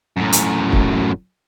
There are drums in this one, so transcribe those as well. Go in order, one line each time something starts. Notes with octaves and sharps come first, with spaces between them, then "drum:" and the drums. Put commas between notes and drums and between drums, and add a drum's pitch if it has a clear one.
F#2 A2
drum: hi-hat
drum: kick